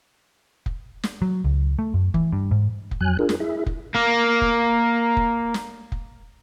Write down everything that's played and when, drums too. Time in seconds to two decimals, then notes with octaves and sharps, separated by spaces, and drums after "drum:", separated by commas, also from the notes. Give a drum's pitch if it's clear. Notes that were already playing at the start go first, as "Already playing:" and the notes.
0.66 drum: kick F1
1.03 drum: snare
1.22 F#3
1.44 C#2
1.79 A3
1.94 F#2
2.14 E3, drum: kick F1
2.32 G2
2.51 G#2
2.91 drum: kick F1
3.01 F2 F#3 G#5 F#6
3.19 D4 F4 G#4 A#4
3.29 drum: snare
3.40 E4 G#4 E5
3.66 drum: kick F1
3.95 A#3 A#4
4.42 drum: kick F1
5.17 drum: kick F1
5.54 drum: snare
5.92 drum: kick F1